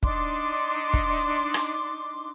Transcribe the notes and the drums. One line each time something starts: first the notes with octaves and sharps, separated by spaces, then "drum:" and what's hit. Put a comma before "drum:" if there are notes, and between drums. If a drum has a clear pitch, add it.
D4 D#4 C6 D6, drum: kick
drum: kick
drum: rim click